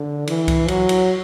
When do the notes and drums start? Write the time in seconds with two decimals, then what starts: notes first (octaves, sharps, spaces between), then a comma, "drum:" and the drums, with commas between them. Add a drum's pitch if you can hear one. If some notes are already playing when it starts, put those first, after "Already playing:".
Already playing: D3
0.27 E3, drum: cymbal
0.48 drum: kick C2, cymbal
0.68 F#3, drum: cymbal
0.89 drum: cymbal